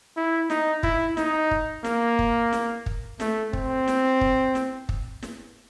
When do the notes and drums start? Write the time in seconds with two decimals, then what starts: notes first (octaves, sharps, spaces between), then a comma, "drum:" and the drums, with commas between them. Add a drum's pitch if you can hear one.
0.17 E4
0.50 D#4, drum: snare
0.83 E4, drum: kick
1.17 D#4, drum: snare
1.51 drum: kick
1.84 A#3, drum: snare
2.19 drum: kick
2.53 drum: snare
2.86 drum: kick
3.20 A3, drum: snare
3.53 C4, drum: kick
3.88 drum: snare
4.21 drum: kick
4.55 drum: snare
4.89 drum: kick
5.23 drum: snare